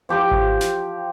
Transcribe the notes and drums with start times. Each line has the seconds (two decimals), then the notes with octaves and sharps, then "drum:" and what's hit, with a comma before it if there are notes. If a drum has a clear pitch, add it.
0.09 F3 G4 G5 D6
0.31 drum: kick G#1
0.61 drum: snare